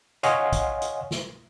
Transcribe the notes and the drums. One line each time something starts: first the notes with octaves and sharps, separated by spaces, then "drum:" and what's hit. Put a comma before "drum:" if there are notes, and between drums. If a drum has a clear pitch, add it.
C#5 D#5 F5 F#5 G#5 C6, drum: hi-hat
drum: kick, hi-hat
drum: hi-hat
drum: snare